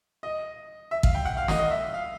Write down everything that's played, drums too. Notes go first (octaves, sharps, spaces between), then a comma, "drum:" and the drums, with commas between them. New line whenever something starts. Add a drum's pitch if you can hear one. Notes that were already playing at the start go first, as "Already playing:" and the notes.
D#5
E5
F5, drum: kick
G5
F#5
F5
D#5, drum: snare
D#5
E5
F5